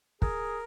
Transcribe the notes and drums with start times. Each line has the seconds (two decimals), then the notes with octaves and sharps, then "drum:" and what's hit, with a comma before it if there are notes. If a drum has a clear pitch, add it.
0.22 G#4 A#4, drum: kick